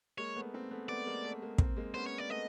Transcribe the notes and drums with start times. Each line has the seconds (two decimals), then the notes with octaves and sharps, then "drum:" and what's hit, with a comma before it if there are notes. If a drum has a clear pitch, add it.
0.18 G#3 A#3 C#5
0.36 A3 B3
0.53 A#3 C4
0.71 A3 B3
0.89 A3 B3 D5
1.07 G#3 A#3
1.24 A3 B3
1.42 G#3 A#3
1.58 A#3 C4, drum: kick
1.76 G#3 A#3
1.94 B3 C#4 C5
2.06 C#5
2.18 D5
2.29 A3 B3 D#5